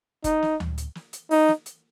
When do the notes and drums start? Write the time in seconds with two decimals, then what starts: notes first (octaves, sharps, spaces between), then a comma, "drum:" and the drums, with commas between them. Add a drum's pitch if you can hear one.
0.24 D#4, drum: kick, hi-hat
0.42 drum: snare
0.60 drum: tom D2
0.78 drum: hi-hat
0.95 drum: snare
1.13 drum: hi-hat
1.31 D#4, drum: open hi-hat
1.48 drum: snare
1.66 drum: hi-hat